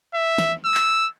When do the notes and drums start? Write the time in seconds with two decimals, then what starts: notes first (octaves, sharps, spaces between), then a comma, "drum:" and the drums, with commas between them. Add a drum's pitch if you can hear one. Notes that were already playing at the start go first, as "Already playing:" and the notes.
0.14 E5
0.38 drum: snare
0.65 E6
0.75 drum: clap